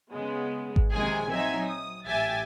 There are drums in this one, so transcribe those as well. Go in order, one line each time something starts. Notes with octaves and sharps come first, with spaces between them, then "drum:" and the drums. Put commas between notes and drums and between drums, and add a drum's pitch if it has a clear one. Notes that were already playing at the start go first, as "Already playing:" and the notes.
C#3 G#3 B3
drum: kick G#1
A#1 C3 D#3 G#3 G#4 G#5
F#3 C4 D#4 E5 G#5 G#6
D#6
A1 G4 E5 G5 G#5 A6